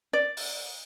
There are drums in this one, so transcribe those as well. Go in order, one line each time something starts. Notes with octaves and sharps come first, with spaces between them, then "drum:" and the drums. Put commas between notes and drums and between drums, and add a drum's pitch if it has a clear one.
D5
drum: open hi-hat